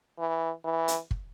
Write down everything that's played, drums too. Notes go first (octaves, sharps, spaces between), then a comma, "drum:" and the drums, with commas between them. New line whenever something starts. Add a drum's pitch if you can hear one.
E3
E3
drum: hi-hat
drum: kick